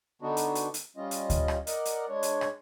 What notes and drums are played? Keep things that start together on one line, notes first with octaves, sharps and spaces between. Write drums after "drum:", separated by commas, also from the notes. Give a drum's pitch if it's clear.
D3 B3 D4 D#4 F#4
drum: hi-hat
drum: hi-hat
drum: hi-hat
G3 C#4 F4 D#5
drum: hi-hat
drum: kick D2, hi-hat
drum: rim click
A#4 D5 D#5 F#5, drum: hi-hat
drum: hi-hat
G#3 D4 C#5
drum: hi-hat
drum: rim click